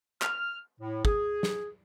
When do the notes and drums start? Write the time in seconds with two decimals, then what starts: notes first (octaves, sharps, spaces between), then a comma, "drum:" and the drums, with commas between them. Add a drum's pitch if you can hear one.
0.22 F6, drum: clap
0.80 A2
1.05 G#4, drum: kick
1.43 drum: snare